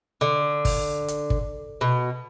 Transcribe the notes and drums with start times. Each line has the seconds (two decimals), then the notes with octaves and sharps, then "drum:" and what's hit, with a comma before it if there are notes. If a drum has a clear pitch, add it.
0.21 D3
0.65 drum: kick, open hi-hat
1.08 drum: hi-hat
1.30 drum: kick
1.81 B2